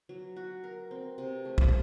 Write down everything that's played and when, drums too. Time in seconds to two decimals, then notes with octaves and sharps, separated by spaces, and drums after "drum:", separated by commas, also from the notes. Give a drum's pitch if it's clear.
0.09 F#3
0.36 F#4
0.64 A#4
0.91 C4
1.18 C3
1.45 A3
1.58 drum: kick